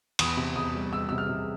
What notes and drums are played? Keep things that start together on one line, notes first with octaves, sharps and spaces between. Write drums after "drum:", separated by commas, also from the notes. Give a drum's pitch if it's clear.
E2 D#6, drum: cymbal
C3
E2 D#6
G3
G3 E6
C3 E6
F6
C3